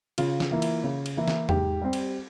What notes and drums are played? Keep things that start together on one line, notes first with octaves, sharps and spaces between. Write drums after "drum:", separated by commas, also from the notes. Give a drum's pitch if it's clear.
C#3 F4, drum: cymbal
drum: snare
E3 A#3 E4
drum: cymbal
C#3
drum: cymbal
E3 A#3 E4
drum: snare
G#2 G4, drum: tom E2
G3 C4
drum: cymbal